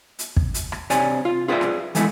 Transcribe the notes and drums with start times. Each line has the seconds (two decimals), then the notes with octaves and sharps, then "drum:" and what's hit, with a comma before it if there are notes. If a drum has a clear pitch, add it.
0.19 drum: hi-hat
0.36 drum: kick
0.54 drum: hi-hat
0.72 drum: rim click
0.90 C3 C#5 D5 G#5, drum: hi-hat
1.25 F4
1.48 F4 G#4 B4 C5 D5 E5
1.61 drum: rim click
1.95 E3 G#3 A3 B3 E4, drum: hi-hat